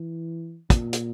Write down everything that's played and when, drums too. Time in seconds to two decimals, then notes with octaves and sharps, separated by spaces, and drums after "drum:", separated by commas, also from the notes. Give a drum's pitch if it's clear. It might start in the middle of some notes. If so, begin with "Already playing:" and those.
Already playing: E3
0.70 A#2, drum: kick, hi-hat
0.93 drum: hi-hat